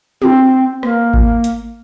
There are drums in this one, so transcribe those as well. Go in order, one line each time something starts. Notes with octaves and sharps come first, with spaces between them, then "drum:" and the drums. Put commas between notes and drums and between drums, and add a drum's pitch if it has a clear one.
C4, drum: tom
A#3, drum: rim click
drum: kick G#1
drum: hi-hat